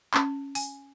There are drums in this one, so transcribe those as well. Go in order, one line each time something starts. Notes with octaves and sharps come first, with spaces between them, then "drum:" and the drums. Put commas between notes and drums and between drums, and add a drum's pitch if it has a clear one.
C#4, drum: clap
G#5, drum: open hi-hat